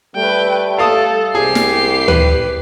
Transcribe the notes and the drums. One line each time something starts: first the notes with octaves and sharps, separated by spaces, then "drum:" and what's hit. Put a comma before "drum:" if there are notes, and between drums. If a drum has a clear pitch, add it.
G3 A3 B4 G5
A4 F5 A5 D#6
C2 G4 G#4 C7
drum: snare
B4, drum: tom D2